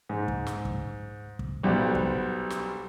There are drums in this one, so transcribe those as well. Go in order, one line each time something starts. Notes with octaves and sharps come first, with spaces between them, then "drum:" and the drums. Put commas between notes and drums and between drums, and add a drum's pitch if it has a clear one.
G#2
drum: kick
drum: snare
drum: kick
drum: kick
B1 G3 G4 C5 F#5
drum: kick
drum: snare